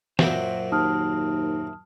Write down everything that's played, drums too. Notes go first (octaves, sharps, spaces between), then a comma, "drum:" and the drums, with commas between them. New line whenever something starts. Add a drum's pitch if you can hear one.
F#2 A#2 C4 C5 E5 F#5, drum: snare
D#2 A5 D#6 F6